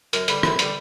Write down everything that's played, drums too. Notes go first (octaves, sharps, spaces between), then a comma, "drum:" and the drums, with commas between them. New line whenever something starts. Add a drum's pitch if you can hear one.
F#2 A#4, drum: hi-hat
D3 G3 B4, drum: hi-hat
F#2 B4, drum: rim click
D3 G3, drum: hi-hat